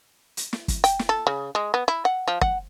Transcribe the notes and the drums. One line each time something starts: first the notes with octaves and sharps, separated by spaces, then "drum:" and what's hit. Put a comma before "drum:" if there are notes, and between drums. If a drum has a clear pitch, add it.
drum: hi-hat
drum: snare
drum: kick, hi-hat
G5, drum: hi-hat
drum: snare
A4
C#3
G#3
B3
E4
F#5
F3
F#5, drum: kick